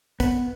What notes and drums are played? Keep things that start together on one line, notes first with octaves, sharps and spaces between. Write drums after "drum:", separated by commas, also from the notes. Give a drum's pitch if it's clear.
B3, drum: kick, hi-hat